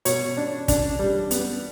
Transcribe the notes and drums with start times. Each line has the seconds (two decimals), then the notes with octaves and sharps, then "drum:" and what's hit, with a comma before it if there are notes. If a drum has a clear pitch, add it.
0.05 B2 C#5, drum: hi-hat
0.37 D4
0.68 D4, drum: kick, hi-hat
0.99 G3
1.31 B3, drum: hi-hat